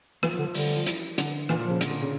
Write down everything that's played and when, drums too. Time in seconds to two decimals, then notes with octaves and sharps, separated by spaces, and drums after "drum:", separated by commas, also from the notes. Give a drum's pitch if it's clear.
0.23 E3 F3, drum: rim click
0.34 F3
0.39 D3
0.44 F3
0.55 D3 G3, drum: open hi-hat
0.65 G3
0.76 F3
0.86 E3, drum: hi-hat
1.18 D3, drum: hi-hat
1.49 A#2 E3, drum: rim click
1.60 A#2
1.65 C#3 F3
1.81 D3, drum: hi-hat
1.91 D3
2.02 C#3